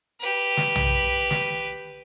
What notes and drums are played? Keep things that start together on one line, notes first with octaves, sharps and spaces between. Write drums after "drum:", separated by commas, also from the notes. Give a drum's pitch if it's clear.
G4 B4
drum: snare
drum: tom B1
drum: snare